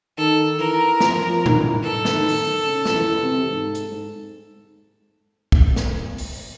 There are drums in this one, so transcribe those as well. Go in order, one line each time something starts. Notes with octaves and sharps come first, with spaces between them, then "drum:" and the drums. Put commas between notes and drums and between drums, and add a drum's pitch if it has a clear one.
D#3 A4
E3 A#4
F3, drum: snare
F3
D#3, drum: tom A2
E3
A4
D3, drum: snare
D#3
drum: open hi-hat
C#3
F3, drum: snare
E3
C3
G#2
drum: hi-hat
G#2
drum: kick
drum: snare
drum: open hi-hat